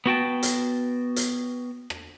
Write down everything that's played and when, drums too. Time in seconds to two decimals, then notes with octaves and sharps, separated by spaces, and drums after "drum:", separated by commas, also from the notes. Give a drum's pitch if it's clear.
0.06 B3 F#4 G5 A5
0.43 drum: hi-hat
1.16 drum: hi-hat
1.90 drum: rim click